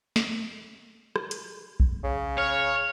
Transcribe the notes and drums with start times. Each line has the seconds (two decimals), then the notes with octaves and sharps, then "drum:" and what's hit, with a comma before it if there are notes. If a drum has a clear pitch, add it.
0.16 drum: snare
1.16 drum: rim click
1.31 drum: hi-hat
1.80 drum: kick A#1
2.03 C#3
2.38 C#5 F6